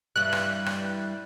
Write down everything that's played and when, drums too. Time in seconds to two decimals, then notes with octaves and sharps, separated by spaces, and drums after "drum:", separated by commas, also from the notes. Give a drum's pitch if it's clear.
0.16 G2 E3 G3 F#6
0.33 drum: rim click
0.66 drum: rim click